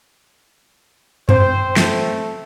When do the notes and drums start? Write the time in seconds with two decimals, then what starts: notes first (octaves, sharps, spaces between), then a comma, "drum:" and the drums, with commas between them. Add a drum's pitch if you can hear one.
1.29 C4 C5, drum: tom F#2
1.77 A3, drum: snare